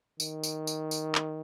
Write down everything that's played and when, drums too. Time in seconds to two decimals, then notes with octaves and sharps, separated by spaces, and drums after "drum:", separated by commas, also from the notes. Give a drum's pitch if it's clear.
0.20 D#3, drum: tambourine
0.43 drum: tambourine
0.67 drum: tambourine
0.91 drum: tambourine
1.15 drum: clap